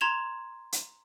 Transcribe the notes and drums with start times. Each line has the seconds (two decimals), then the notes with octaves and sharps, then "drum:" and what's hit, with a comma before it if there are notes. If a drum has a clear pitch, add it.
0.01 A#5 C6 G#6 E7 F7
0.72 drum: hi-hat